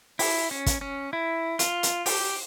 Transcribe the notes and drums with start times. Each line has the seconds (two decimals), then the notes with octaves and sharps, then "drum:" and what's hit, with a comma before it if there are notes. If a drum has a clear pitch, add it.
0.19 E4, drum: open hi-hat
0.51 C#4
0.66 drum: kick, hi-hat
0.81 C#4
1.13 E4
1.59 F4, drum: hi-hat
1.83 drum: hi-hat
2.06 G4, drum: open hi-hat